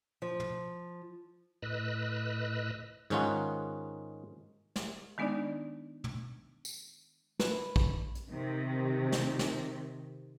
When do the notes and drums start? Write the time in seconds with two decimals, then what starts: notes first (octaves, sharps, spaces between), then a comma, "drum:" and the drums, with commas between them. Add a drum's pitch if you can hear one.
0.22 F3
0.40 drum: tom
1.62 A2 B4 D#5 E6 F#6
3.10 G#2 D#3 C#4 D#4 F4 F#5, drum: hi-hat
4.76 drum: snare
5.18 D#3 G#3 B3 D4 D#4 D5
6.04 drum: tom
6.65 drum: tambourine
7.39 B4, drum: snare
7.76 drum: kick
8.15 drum: hi-hat
8.31 C3 D#3
9.12 drum: snare
9.39 drum: snare